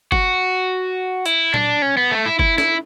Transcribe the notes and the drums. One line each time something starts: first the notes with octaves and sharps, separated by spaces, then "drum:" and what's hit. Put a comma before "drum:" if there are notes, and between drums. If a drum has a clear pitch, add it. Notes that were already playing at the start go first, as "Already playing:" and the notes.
F#4, drum: kick F#1
E4, drum: hi-hat
D4, drum: tom A#2
C#4
B3
A3
E4
E4, drum: kick F#1
E4, drum: snare